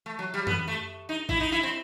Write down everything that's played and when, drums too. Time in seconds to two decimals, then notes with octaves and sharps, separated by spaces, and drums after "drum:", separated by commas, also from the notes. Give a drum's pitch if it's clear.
0.06 A3
0.19 F#3
0.34 G3
0.47 B3, drum: tom F#2
0.68 A3
1.09 D#4
1.29 E4, drum: kick A1
1.40 D#4
1.52 E4
1.63 C4